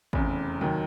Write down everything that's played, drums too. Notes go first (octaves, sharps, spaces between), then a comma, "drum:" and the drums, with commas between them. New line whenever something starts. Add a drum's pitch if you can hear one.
F1 E2 C#3, drum: kick
D#2 D#3 F#3, drum: tom C3